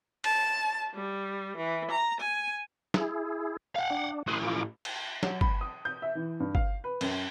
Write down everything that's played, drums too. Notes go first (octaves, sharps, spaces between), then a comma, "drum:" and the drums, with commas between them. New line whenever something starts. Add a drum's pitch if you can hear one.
A5, drum: cymbal
G3
E3
A#5
G#5
E4 G#4, drum: snare
F5 F#5
D4
A2 G4 C6 D#6 F#6
F4 D6
drum: cymbal
F#3, drum: snare
B5, drum: kick G1
D#6
G6
E5
E3
G2
F5, drum: kick G1
B4
F#2, drum: cymbal